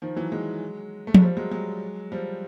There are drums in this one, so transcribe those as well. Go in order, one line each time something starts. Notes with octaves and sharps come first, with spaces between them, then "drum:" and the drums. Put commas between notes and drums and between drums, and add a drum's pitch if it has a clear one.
D#3 F3
E3 F#3
F#3 G#3
A3
G#3, drum: tom F3
F3 G3
F#3 G#3
F#3 G#3
F3 G3